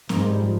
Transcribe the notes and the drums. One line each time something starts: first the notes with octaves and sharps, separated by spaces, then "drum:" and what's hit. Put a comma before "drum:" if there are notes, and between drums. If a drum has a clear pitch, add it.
G#2 A#3, drum: snare C4
G#3
G3
F3